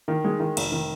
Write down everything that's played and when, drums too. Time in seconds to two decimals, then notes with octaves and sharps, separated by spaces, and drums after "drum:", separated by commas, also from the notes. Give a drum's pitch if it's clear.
0.08 D#3
0.24 G#3
0.40 D#3
0.57 F1, drum: cymbal
0.72 D#3